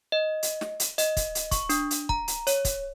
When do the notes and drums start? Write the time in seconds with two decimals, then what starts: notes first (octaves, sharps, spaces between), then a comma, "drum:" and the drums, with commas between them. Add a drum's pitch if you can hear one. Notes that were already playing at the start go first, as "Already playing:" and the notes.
0.12 D#5
0.43 drum: hi-hat
0.61 drum: snare
0.80 drum: hi-hat
0.98 D#5, drum: hi-hat
1.17 drum: kick, hi-hat
1.35 drum: hi-hat
1.51 C#6, drum: kick, hi-hat
1.69 D4, drum: hi-hat
1.91 drum: hi-hat
2.09 A#5, drum: kick
2.28 drum: hi-hat
2.47 C#5, drum: hi-hat
2.65 drum: kick, hi-hat